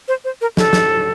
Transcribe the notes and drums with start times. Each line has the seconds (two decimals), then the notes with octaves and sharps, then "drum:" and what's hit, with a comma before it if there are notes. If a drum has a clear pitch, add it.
0.08 C5
0.25 C5
0.41 A#4
0.57 A4, drum: snare
0.73 drum: snare